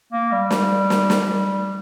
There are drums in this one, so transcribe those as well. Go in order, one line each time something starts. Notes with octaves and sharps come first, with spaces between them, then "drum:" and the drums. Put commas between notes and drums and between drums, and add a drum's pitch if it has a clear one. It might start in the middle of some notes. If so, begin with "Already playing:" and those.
A#3
G3
G3, drum: snare
drum: snare
drum: snare
G3